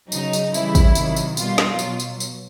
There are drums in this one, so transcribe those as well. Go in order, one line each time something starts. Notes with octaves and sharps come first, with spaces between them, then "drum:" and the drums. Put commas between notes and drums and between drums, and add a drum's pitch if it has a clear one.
C#3 F#3 D#4, drum: tambourine
drum: tambourine
C#3 E3 G3 E4, drum: tambourine
drum: kick, tambourine
C3 D#3 F#3, drum: tambourine
drum: tambourine
B2 G3 F4, drum: tambourine
drum: snare
B2 F#3, drum: tambourine
drum: tambourine
drum: tambourine